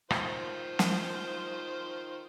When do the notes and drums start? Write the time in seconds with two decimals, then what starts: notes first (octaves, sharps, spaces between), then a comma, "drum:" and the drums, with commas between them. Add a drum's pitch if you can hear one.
0.10 D#3 F4 C5, drum: rim click
0.79 drum: snare